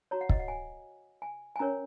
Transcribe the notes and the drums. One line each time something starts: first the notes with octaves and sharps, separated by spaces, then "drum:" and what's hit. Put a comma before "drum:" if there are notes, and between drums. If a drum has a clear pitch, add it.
F#4 C#5 A#5
F#5
D#5, drum: kick
F#5
G#5
G#5
G#5
C#4 A#4 C#5 A#5